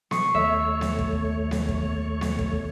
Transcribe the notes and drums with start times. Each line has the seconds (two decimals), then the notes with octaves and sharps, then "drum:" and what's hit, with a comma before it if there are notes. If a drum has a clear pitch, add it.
0.11 C#6 D#6 C7, drum: snare B3
0.34 D#2 A3 C#5 E5
0.81 drum: snare B3
0.99 drum: kick
1.51 drum: snare B3
1.69 drum: kick
2.21 drum: snare B3
2.39 drum: kick